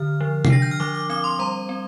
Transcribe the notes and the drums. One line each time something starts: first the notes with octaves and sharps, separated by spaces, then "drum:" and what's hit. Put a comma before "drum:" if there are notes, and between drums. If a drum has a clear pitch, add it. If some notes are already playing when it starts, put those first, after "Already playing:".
Already playing: D3 F6
F3
C7, drum: tom C3
D4 A#6
G6
F6
F3 D6
D6
C4 D6
C6
G3 A#5
C4